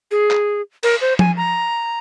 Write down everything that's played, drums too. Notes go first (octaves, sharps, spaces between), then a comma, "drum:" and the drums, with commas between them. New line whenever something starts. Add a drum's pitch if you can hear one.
G#4
drum: clap
A#4, drum: cymbal
C5
G#5, drum: tom F3
A#5